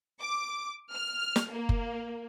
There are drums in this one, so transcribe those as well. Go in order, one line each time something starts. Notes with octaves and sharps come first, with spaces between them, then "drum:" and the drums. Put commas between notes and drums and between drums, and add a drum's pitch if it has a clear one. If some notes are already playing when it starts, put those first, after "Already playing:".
D6
F6
drum: snare
A#3
drum: kick F#1